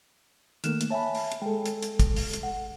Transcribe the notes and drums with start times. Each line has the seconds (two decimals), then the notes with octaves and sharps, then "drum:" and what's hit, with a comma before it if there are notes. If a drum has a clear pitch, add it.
0.64 D#3 A3 A#3 F6 F#6 E7, drum: hi-hat
0.81 drum: hi-hat
0.90 C#5 E5 G#5 A5 B5
1.15 drum: open hi-hat
1.32 drum: hi-hat
1.42 G#3 A4 G5
1.66 drum: hi-hat
1.83 drum: hi-hat
2.00 drum: kick, hi-hat
2.16 drum: open hi-hat
2.33 drum: hi-hat
2.43 F#5